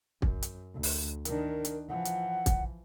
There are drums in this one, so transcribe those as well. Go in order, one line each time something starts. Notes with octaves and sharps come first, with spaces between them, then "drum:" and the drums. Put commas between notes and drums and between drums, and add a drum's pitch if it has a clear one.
F#2, drum: kick
drum: hi-hat
D2
drum: open hi-hat
D#3 D4 A#4, drum: hi-hat
drum: hi-hat
E3 F3 F#5
drum: hi-hat
drum: kick, hi-hat